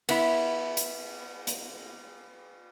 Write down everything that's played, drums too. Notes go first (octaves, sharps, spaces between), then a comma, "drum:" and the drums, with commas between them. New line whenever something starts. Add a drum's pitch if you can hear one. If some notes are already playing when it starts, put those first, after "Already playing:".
B3 E4, drum: cymbal
drum: hi-hat
drum: hi-hat